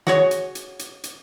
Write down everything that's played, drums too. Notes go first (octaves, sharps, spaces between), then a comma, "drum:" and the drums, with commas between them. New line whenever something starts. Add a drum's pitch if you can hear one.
F#4 G#4 C#5, drum: snare
drum: hi-hat
drum: hi-hat
drum: hi-hat
drum: hi-hat